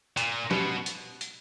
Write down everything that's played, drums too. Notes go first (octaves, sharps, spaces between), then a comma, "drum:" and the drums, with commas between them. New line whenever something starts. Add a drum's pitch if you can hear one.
A#2, drum: hi-hat
B2, drum: snare
drum: hi-hat
drum: hi-hat